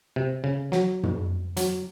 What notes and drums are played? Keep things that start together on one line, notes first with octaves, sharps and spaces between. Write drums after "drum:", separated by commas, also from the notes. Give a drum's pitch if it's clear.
C3
C#3
F#3, drum: snare
drum: tom
F#3, drum: hi-hat